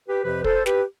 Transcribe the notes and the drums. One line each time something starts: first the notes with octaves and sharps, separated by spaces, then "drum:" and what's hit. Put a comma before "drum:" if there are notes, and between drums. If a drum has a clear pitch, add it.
G4 B4
F2 C3 F3 G4 B4
A4 C5, drum: kick
G4 B4, drum: snare